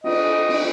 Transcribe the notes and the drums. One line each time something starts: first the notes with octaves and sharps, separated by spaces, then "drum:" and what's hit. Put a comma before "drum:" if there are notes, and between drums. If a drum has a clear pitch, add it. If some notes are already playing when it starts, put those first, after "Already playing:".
D#5, drum: cymbal
drum: cymbal